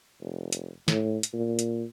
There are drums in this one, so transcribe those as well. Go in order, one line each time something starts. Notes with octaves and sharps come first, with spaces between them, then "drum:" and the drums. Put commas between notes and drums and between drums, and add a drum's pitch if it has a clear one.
F1
drum: hi-hat
A2, drum: snare
drum: hi-hat
A#2
drum: hi-hat